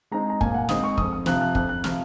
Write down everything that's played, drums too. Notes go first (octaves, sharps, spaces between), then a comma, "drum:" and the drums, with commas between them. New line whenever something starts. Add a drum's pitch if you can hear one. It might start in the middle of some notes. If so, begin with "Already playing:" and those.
G#3 C4 D#4 A#5
A#5
A#2 G#5, drum: kick
F#5
G#3 C4 D#4 D#6, drum: snare
C#6
F2 D#6, drum: kick
D#6
C3 F3 F#6, drum: snare
F#6
F2 F#6, drum: kick
F#6
C3 F3 F6, drum: snare